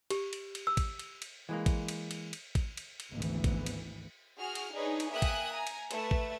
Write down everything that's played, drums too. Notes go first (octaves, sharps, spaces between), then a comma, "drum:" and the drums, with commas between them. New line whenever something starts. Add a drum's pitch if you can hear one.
G4, drum: cymbal
drum: cymbal
drum: cymbal
E6
drum: kick A1, cymbal
drum: cymbal
drum: cymbal
E3 G#3 A#3
drum: kick A1, cymbal
drum: cymbal
drum: cymbal
drum: cymbal
drum: kick A1, cymbal
drum: cymbal
drum: cymbal
G#1 D2 E3 B3
drum: cymbal
drum: kick A1, cymbal
drum: cymbal
F#4 G#4 F6
drum: cymbal
D4 D#4 G#4 B4 C#5
drum: cymbal
A#3 E5 G5 G#5 D#6 F#6
drum: kick A1, cymbal
G#5 A#5
drum: cymbal
A3 B4 E5 A6, drum: cymbal
drum: kick A1